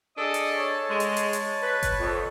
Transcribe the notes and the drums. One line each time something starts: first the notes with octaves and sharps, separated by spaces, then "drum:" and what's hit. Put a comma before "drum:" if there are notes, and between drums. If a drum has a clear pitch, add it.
D4 G#4 A4 D#5 D#6
drum: hi-hat
C#5 A5
G#3
drum: hi-hat
drum: hi-hat
drum: hi-hat
B4
drum: kick G1, hi-hat
F2